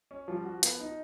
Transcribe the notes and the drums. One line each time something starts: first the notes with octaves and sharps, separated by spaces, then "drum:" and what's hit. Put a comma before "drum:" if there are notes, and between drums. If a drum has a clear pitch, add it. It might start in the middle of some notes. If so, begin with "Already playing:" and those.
C#4
F3 G3
F#4
B3, drum: hi-hat
D#4